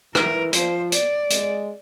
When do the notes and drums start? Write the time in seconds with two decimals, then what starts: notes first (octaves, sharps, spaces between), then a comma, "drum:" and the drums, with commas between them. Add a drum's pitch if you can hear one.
0.15 E3 A#4, drum: rim click
0.53 F3 C5, drum: hi-hat
0.92 D5, drum: hi-hat
1.30 G#3, drum: hi-hat